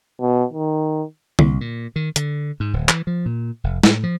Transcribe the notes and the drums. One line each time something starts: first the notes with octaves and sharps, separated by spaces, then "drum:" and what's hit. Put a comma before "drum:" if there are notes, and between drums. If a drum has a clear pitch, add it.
B2
D#3
C2, drum: tom D3
A#2
D#3
D3, drum: hi-hat
G#2
D1
E3, drum: clap
F3
A#2
F1
A2, drum: snare
F3